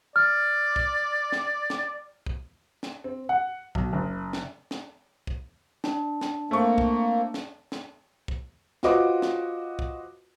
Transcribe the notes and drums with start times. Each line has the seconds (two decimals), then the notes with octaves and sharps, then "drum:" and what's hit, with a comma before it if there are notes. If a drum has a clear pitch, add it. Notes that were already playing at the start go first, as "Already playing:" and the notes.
0.16 D5 F6
0.76 drum: kick
1.32 drum: snare
1.70 drum: snare
2.26 drum: kick
2.83 drum: snare
3.04 C4
3.29 F#5
3.75 B1, drum: kick
3.93 F#1
4.33 drum: snare
4.71 drum: snare
5.27 drum: kick
5.84 D4, drum: snare
6.21 drum: snare
6.51 A3 A#3 C4 C#6
6.78 drum: kick
7.34 drum: snare
7.72 drum: snare
8.28 drum: kick
8.83 F4 F#4 B4 C5 D#5 D6, drum: snare
9.22 drum: snare
9.79 drum: kick